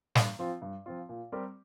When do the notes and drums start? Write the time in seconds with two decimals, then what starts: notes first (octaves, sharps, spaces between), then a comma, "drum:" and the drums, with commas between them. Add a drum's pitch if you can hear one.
0.15 G2, drum: snare
0.39 F3 C4 F4
0.62 G2
0.86 F3 C4 F4
1.09 A#2
1.32 G3 C4 G4 A#4